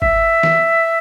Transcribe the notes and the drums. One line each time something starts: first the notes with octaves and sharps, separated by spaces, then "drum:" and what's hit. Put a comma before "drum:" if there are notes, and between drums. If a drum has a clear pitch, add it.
E5, drum: kick G1
drum: snare